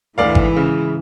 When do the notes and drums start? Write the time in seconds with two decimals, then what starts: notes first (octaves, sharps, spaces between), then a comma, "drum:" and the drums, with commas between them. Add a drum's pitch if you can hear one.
0.18 D2 G#2 E3 D5 F5
0.35 drum: kick G#1
0.56 C#3